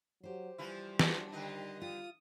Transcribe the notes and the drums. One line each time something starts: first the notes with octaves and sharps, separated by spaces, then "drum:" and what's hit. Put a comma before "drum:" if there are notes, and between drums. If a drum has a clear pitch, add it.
F#3 G4 C5
E3 F3 G3 E4
D4 F#4, drum: snare
D3 D#3 D#4 D#5
F4 D#6